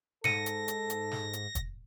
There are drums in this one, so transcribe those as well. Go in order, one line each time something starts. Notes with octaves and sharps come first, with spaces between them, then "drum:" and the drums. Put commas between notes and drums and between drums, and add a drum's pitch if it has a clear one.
G#2 A4 A#6 C#7 D#7, drum: snare
drum: hi-hat
drum: hi-hat
drum: hi-hat
drum: snare
drum: hi-hat
drum: kick, hi-hat